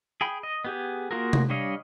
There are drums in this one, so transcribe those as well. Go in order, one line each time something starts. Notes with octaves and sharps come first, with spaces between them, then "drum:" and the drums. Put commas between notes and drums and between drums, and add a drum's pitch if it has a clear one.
G#4 G5 B5
D#5
B3 G4 G#4
A#3 F4 F#4 G#4 A#4
drum: tom C3
G3 D4 C#5 D#5 F5